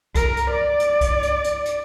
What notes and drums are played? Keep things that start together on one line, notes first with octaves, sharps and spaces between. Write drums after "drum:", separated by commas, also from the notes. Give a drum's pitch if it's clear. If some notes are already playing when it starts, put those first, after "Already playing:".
A#4, drum: kick C2, hi-hat
drum: hi-hat
D5
drum: hi-hat
drum: kick C2, hi-hat
drum: hi-hat
drum: hi-hat
drum: hi-hat